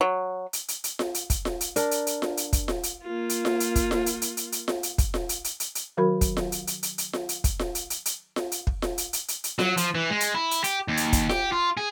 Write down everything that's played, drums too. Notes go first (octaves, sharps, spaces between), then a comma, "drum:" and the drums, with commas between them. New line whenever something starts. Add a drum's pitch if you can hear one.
F#3
drum: hi-hat
drum: hi-hat
drum: hi-hat
drum: snare F4
drum: hi-hat
drum: kick, hi-hat
drum: snare F4
drum: hi-hat
D4 A#4, drum: hi-hat
drum: hi-hat
drum: hi-hat
drum: snare F4
drum: hi-hat
drum: kick, hi-hat
drum: snare F4
drum: hi-hat
A#3 F4
drum: hi-hat
drum: snare F4
drum: hi-hat
drum: kick, hi-hat
drum: snare F4
drum: hi-hat
drum: hi-hat
drum: hi-hat
drum: hi-hat
drum: snare F4
drum: hi-hat
drum: kick, hi-hat
drum: snare F4
drum: hi-hat
drum: hi-hat
drum: hi-hat
drum: hi-hat
D#3 F#3 F#4 A#4 B5
drum: kick, hi-hat
drum: snare F4
drum: hi-hat
drum: hi-hat
drum: hi-hat
drum: hi-hat
drum: snare F4
drum: hi-hat
drum: kick, hi-hat
drum: snare F4
drum: hi-hat
drum: hi-hat
drum: hi-hat
drum: snare F4
drum: hi-hat
drum: kick
drum: snare F4
drum: hi-hat
drum: hi-hat
drum: hi-hat
drum: hi-hat
F#3, drum: snare F4
F3, drum: hi-hat
E3
G#3
drum: hi-hat
E4
drum: hi-hat
G4, drum: hi-hat
D#2
drum: hi-hat
drum: kick, hi-hat
G4, drum: snare F4
F4
G#4